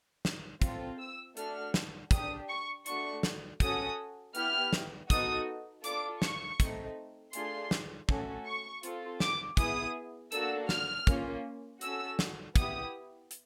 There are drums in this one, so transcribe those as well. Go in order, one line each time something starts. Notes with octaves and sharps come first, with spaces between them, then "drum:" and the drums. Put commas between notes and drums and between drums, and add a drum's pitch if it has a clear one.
drum: snare
C4 F4 A4, drum: kick, hi-hat
E6
A3 D4 F#4 A4 F6, drum: hi-hat
drum: snare
D4 G4 D#6, drum: kick, hi-hat
C#6
A3 D4 F#4 C#6, drum: hi-hat
drum: snare
C#4 F#4 A4 D#6, drum: kick, hi-hat
B3 E4 G4 F6, drum: hi-hat
drum: snare
B3 D#4 F#4 A4 D#6, drum: kick, hi-hat
D4 F4 A4 D6, drum: hi-hat
C#6, drum: snare
A3 C4 D#4, drum: kick, hi-hat
A3 D4 F4 G#4 C6, drum: hi-hat
drum: snare
A3 C#4 F#4 A4, drum: kick
C#6
C4 F4 A4, drum: hi-hat
D6, drum: snare
B3 E4 G#4 D#6, drum: kick, hi-hat
A#3 D4 F#4 A4 E6, drum: hi-hat
F6, drum: snare
A#3 C#4 F4, drum: kick, hi-hat
C#4 F#4 A4 E6, drum: hi-hat
drum: snare
B3 E4 G4 D#6, drum: kick, hi-hat
drum: hi-hat